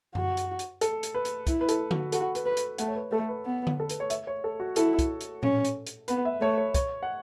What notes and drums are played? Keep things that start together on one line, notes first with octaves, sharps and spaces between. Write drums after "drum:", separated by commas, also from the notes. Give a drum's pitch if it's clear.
F#4, drum: tom F#2
drum: hi-hat
drum: hi-hat
A4, drum: hi-hat
drum: hi-hat
B4
drum: hi-hat
E4, drum: kick, hi-hat
B4
A4, drum: hi-hat
F#4, drum: tom D3
F#4 A4, drum: hi-hat
B4, drum: hi-hat
B4
drum: hi-hat
A3 F#5, drum: hi-hat
C#5
B4
A3 A4
B4
B3
drum: tom D3
A4
B4, drum: hi-hat
C#5
E5, drum: hi-hat
C#5
A4
F#4
E4 A4, drum: hi-hat
drum: kick, hi-hat
drum: hi-hat
C#4, drum: tom A2
drum: hi-hat
drum: hi-hat
B3 B4, drum: hi-hat
E5
A3 C#5
C#5
C#5, drum: kick, hi-hat
F#5